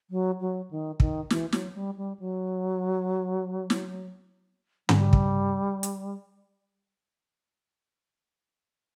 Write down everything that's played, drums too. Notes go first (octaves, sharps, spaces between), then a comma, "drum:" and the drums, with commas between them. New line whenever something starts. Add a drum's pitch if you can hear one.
F#3
F#3
D#3
D#3, drum: kick
E3, drum: snare
F#3, drum: snare
G3
G3
F#3
drum: snare
G3, drum: tom
drum: kick
drum: hi-hat